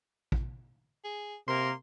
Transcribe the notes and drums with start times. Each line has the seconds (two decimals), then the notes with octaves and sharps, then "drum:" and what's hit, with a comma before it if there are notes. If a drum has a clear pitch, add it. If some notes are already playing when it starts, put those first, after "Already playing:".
0.32 drum: kick
1.04 G#4
1.48 C3 A#3 A#4 C6